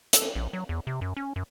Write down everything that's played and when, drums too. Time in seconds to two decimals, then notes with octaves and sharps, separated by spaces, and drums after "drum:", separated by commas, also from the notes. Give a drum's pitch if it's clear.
0.13 A4, drum: hi-hat
0.35 A#1
0.53 F#3
0.69 E2
0.87 C3
1.01 F#2
1.17 C#4
1.36 F#2